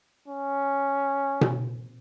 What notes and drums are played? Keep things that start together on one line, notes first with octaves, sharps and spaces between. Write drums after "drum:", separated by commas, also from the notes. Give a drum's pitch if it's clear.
C#4
drum: tom B2